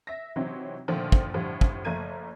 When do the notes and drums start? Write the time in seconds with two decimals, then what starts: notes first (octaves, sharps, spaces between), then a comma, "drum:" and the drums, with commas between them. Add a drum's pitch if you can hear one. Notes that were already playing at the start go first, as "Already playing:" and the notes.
0.07 E5 A#6
0.36 C3 E3 F#3 C4 C#4 D#4
0.88 A#2 D3 D#3 F3 A3
1.12 drum: kick
1.34 A2 D3 F3 G3
1.61 drum: kick
1.85 F#1 F3 A3 A#5 G#6 D#7